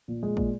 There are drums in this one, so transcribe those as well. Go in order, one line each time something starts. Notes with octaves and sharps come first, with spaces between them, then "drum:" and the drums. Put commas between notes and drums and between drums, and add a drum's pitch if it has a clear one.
A#2
G#3
A#2, drum: kick